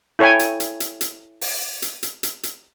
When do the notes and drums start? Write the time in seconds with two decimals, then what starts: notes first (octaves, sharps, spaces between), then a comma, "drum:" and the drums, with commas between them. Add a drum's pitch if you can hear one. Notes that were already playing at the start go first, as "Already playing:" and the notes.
0.19 E4 A4 C#5 G5 G#5
0.39 drum: hi-hat
0.60 drum: hi-hat
0.80 drum: hi-hat
1.01 drum: hi-hat
1.41 drum: open hi-hat
1.82 drum: hi-hat
2.03 drum: hi-hat
2.23 drum: hi-hat
2.43 drum: hi-hat